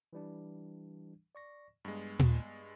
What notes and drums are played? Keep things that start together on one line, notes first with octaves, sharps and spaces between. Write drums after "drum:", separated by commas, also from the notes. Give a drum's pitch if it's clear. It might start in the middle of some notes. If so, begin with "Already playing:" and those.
E3 G3 D4
D5 C#6 A#6
G2 G#3 B3
drum: tom A#2